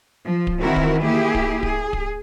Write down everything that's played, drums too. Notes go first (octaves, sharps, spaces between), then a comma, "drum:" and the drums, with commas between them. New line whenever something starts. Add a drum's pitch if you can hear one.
F3
drum: kick D1
D#3 E3 C4 E4 F#4 A#4
drum: kick D1
A#3 E4 G4 G#4
drum: kick D1
G#4, drum: kick D1
drum: kick D1